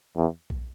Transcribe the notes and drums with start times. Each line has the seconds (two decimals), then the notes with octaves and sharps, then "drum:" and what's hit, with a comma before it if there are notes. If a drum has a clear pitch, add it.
0.16 E2
0.50 drum: kick A#1